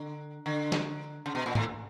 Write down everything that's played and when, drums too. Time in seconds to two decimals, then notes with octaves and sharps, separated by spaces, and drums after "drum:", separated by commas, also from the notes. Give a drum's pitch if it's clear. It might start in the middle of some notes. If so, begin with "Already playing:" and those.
Already playing: D3
0.46 D3
0.72 drum: snare
1.26 C#3
1.35 B2
1.46 A#2
1.55 A2, drum: tom